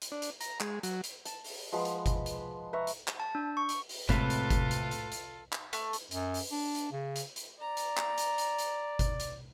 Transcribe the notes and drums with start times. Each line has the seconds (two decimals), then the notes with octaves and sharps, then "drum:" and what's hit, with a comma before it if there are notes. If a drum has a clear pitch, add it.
0.02 drum: hi-hat
0.12 D4
0.22 drum: hi-hat
0.41 A#5, drum: hi-hat
0.61 G#3, drum: clap
0.83 F#3, drum: hi-hat
1.04 drum: hi-hat
1.25 A5, drum: hi-hat
1.44 drum: open hi-hat
1.72 F3 G#3 B4 F#5
1.85 drum: hi-hat
2.06 drum: kick G1, hi-hat
2.26 drum: hi-hat
2.73 B4 E5 A#5 C#6
2.87 drum: hi-hat
3.08 drum: clap
3.20 A5
3.35 D4
3.57 C#6
3.69 drum: hi-hat
3.89 drum: open hi-hat
4.09 A2 C3 G#3 F4 A4 B4, drum: kick G1, hi-hat
4.30 drum: hi-hat
4.50 drum: kick G1, hi-hat
4.71 drum: hi-hat
4.91 drum: hi-hat
5.12 drum: hi-hat
5.52 drum: clap
5.73 A3, drum: hi-hat
5.93 drum: hi-hat
6.11 F#2, drum: hi-hat
6.34 drum: open hi-hat
6.51 D4
6.75 drum: hi-hat
6.92 C#3
7.16 drum: hi-hat
7.36 drum: hi-hat
7.60 D5 A#5
7.77 drum: hi-hat
7.97 drum: clap
8.18 drum: hi-hat
8.38 drum: hi-hat
8.58 drum: hi-hat
8.99 drum: kick G1, hi-hat
9.20 drum: hi-hat